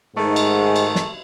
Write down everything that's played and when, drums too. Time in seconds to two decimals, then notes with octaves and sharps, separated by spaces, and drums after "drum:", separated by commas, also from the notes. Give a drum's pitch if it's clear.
0.16 G#2 D#3 G#3 A3
0.36 drum: cymbal
0.76 drum: cymbal
0.95 drum: snare